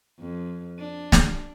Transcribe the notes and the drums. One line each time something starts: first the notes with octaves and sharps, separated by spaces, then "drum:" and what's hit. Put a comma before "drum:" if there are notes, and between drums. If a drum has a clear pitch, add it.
F2
D4
drum: snare